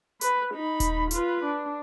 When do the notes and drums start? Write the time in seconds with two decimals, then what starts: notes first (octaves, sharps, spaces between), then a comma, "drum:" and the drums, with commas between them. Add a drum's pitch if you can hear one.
0.21 B4, drum: hi-hat
0.54 D#4 B5
0.80 drum: kick D#1, hi-hat
1.11 F4 B4, drum: hi-hat
1.44 D4